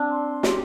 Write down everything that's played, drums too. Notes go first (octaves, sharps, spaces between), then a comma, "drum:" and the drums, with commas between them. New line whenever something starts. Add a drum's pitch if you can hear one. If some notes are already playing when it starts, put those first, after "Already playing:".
Already playing: C4 D4
C6
G4, drum: snare